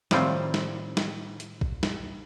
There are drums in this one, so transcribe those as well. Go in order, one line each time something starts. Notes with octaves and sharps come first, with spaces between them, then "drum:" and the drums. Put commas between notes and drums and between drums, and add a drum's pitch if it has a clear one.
A2 D#3 F3 G3 C4, drum: snare
drum: snare
drum: snare
drum: hi-hat
drum: kick
drum: snare